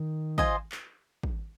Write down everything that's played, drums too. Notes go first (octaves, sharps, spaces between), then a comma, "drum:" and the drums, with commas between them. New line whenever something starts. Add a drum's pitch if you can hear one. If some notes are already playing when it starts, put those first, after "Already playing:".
Already playing: D#3
F4 C5 D#5 G#5, drum: kick
drum: clap
drum: kick